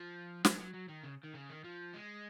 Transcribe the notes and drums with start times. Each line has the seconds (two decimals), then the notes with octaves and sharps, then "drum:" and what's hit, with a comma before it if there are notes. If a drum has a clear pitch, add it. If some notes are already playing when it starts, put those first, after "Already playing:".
Already playing: F3
0.45 F#3, drum: snare
0.60 F#3
0.74 F#3
0.89 D#3
1.03 C#3
1.23 D#3
1.34 C#3
1.49 D#3
1.64 F3
1.94 G#3